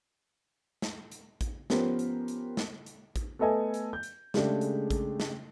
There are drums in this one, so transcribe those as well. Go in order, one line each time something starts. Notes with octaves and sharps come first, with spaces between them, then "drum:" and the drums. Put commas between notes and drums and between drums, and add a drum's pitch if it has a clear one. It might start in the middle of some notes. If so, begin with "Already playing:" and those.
drum: snare
drum: hi-hat
drum: kick A1, hi-hat
F3 B3 C#4 G4 A#4 C5, drum: snare
drum: hi-hat
drum: hi-hat
drum: snare
drum: hi-hat
drum: kick A1, hi-hat
A3 B3 A4 D#5 G#5
drum: hi-hat
G6
drum: hi-hat
C#3 G#3 A3 D4 G4 G#4, drum: snare
drum: hi-hat
drum: kick A1, hi-hat
drum: snare